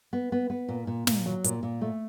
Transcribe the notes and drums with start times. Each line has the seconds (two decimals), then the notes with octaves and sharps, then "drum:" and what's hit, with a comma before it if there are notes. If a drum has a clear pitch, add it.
0.13 B3
0.32 B3
0.50 B3
0.68 A#2
0.87 A#2
1.07 A#2, drum: snare
1.26 F#3
1.44 A#2, drum: hi-hat
1.63 A#2
1.81 A3